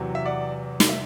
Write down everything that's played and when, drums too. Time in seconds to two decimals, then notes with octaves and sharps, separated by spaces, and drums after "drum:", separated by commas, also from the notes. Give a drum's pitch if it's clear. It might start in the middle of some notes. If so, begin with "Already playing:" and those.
Already playing: E2 C3 F#3
0.15 E5
0.25 D5 F#5
0.80 drum: snare
0.89 E5